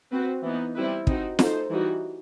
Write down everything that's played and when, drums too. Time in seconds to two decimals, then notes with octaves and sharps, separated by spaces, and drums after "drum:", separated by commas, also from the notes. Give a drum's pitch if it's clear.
0.12 C4 F#4 B4
0.43 E3 B3 D#4
0.75 G3 C4 E4 G4 B4
1.07 C4 D#4 F#4, drum: kick
1.39 A3 D#4 A4 C5, drum: snare
1.71 E3 G3 D#4 F#4